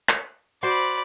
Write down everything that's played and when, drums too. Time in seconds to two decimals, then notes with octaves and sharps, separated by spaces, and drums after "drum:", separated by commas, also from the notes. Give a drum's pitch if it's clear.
0.09 drum: clap
0.63 F#4 C5 D5 B5